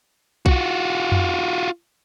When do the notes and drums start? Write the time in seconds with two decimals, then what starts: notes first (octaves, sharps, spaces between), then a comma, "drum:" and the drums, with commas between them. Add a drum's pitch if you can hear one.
0.46 F4 F#4, drum: kick B1
1.12 drum: tom F2